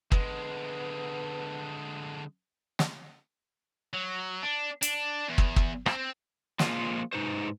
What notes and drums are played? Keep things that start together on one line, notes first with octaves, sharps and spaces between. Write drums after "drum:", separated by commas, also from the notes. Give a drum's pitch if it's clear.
D3 G#3 B3, drum: kick
drum: snare
F#3
D4
D4, drum: hi-hat
E2
drum: kick
drum: kick
C4, drum: rim click
F3 G#3 A#3 F4, drum: snare
G#2 D#4 B4 C5